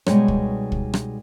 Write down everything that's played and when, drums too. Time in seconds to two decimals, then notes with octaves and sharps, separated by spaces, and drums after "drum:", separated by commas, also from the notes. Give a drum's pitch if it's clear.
0.06 B2 G3 G#3 D#4 C#5, drum: rim click
0.28 drum: kick
0.72 drum: kick
0.94 drum: rim click